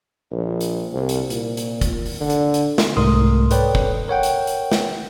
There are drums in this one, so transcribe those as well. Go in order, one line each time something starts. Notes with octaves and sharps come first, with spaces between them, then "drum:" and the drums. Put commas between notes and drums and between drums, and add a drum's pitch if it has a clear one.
A#1
drum: hi-hat
C2
drum: hi-hat
A#2, drum: hi-hat
drum: hi-hat
drum: kick, hi-hat
drum: open hi-hat
D3
drum: hi-hat
drum: hi-hat
drum: snare
C2 G#2 A3 A#4 C6 D#6
A4 B4 C#5 D5 G5, drum: hi-hat
drum: kick
A#4 C#5 F#5 G5
drum: hi-hat
drum: hi-hat
drum: snare